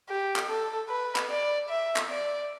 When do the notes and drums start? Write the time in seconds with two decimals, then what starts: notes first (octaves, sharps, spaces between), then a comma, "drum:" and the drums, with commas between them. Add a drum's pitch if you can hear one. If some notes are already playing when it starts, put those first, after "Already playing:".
0.09 G4
0.36 drum: clap
0.49 A4
0.89 B4
1.16 drum: clap
1.30 D5
1.69 E5
1.96 drum: clap
2.10 D5